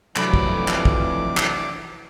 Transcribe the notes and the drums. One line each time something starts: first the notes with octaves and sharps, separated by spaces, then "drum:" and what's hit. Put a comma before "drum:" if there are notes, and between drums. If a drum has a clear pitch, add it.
F2 C3 E3 F#3 A3 D4 B5 D6, drum: clap
drum: kick
drum: clap
drum: kick
drum: clap